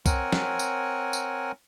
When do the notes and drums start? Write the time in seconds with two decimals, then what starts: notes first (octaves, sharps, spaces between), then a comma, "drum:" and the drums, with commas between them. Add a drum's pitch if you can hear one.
0.06 C4 A#4 C#5 F#5 G#5, drum: kick B1, tambourine
0.32 drum: snare
0.59 drum: tambourine
1.13 drum: tambourine